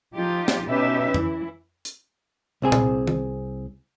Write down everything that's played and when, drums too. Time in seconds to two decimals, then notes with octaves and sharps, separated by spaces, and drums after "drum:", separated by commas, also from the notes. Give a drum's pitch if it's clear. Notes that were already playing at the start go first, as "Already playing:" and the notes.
0.14 F3 D#4 F4 G4
0.48 drum: snare
0.66 B2 C#4 D#4 G4 B4 E5
1.14 E3 E4, drum: tom F2
1.85 drum: hi-hat
2.62 C2 C4 G#4
2.72 drum: tom
3.07 drum: tom D#3